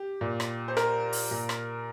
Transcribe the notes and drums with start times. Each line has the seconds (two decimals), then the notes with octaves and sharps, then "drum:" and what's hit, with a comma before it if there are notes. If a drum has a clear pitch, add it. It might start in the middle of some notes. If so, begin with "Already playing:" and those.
Already playing: G4
0.21 A#2
0.40 drum: rim click
0.68 C5
0.77 A#4, drum: rim click
1.13 drum: open hi-hat
1.31 A#2
1.49 drum: rim click